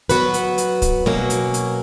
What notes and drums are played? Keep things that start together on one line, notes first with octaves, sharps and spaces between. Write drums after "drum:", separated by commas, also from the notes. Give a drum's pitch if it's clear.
F#3 B3 F#4 B4, drum: hi-hat
drum: hi-hat
drum: hi-hat
drum: kick, hi-hat
B2 F#3 A#3 C#4, drum: snare
drum: hi-hat
drum: hi-hat